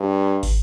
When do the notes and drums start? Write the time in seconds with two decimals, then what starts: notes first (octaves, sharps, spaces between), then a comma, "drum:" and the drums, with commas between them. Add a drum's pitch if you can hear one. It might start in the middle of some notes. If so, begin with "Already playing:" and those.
Already playing: G2
0.43 drum: kick, open hi-hat